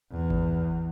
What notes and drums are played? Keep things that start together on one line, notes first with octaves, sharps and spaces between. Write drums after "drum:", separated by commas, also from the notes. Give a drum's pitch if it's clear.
E2
drum: kick G#1